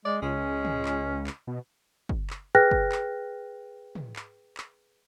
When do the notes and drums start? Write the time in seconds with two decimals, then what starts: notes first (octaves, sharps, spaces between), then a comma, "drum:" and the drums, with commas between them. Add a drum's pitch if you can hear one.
0.05 G#3 D5
0.22 C#2 G#3 C#4
0.65 drum: tom
0.85 drum: clap
1.27 drum: clap
1.47 B2
2.09 drum: kick
2.30 drum: clap
2.55 G#4 B4 G5 F6 F#6 A#6
2.71 drum: kick
2.92 drum: clap
3.95 drum: tom
4.16 drum: clap
4.57 drum: clap